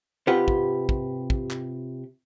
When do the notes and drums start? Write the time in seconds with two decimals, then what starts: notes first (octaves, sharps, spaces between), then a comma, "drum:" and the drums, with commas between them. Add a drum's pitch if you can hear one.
0.27 C3 F4 G4 B4 F#5
0.48 drum: kick
0.89 drum: kick
1.30 drum: kick
1.51 drum: clap